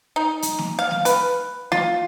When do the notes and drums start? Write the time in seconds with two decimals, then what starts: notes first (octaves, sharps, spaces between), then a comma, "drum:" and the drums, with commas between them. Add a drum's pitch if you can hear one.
0.16 D#4
0.42 drum: hi-hat
0.59 drum: snare
0.79 F5
0.91 drum: snare
1.05 B4, drum: hi-hat
1.72 F4, drum: snare